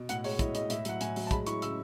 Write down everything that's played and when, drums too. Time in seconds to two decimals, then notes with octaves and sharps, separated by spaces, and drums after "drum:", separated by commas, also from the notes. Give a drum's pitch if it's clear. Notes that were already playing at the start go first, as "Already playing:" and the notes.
Already playing: B2
0.09 A2 F#5, drum: hi-hat
0.24 G#3 C#5, drum: open hi-hat
0.39 E4 D#5, drum: kick, hi-hat
0.55 A2 D#5, drum: hi-hat
0.70 A2 E5, drum: hi-hat
0.85 F#3 F#5, drum: hi-hat
1.01 A2 G#5, drum: hi-hat
1.16 F#3, drum: open hi-hat
1.27 A5
1.31 G#3 B5, drum: kick, hi-hat
1.47 E4 C#6, drum: hi-hat
1.62 C#3 E6, drum: hi-hat